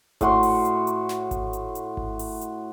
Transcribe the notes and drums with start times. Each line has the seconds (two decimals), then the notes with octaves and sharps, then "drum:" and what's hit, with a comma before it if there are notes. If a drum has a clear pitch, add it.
0.21 A2 F#4 C6, drum: kick G#1, hi-hat
0.43 drum: open hi-hat
0.65 drum: hi-hat
0.87 drum: hi-hat
1.09 drum: snare
1.31 drum: kick G#1, hi-hat
1.53 drum: hi-hat
1.75 drum: hi-hat
1.97 drum: kick G#1
2.19 drum: open hi-hat
2.41 drum: hi-hat